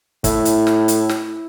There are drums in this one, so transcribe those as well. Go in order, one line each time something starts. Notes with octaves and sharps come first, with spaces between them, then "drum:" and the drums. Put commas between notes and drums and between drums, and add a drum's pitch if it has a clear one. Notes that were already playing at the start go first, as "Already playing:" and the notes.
A2 E4, drum: kick, hi-hat
drum: hi-hat
drum: snare
drum: hi-hat
drum: snare